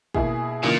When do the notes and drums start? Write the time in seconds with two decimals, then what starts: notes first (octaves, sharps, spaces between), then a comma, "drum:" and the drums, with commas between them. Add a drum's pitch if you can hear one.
0.14 B2 A#3 E4 G#4, drum: kick
0.63 A#2 C#3 E3 A#3 D#4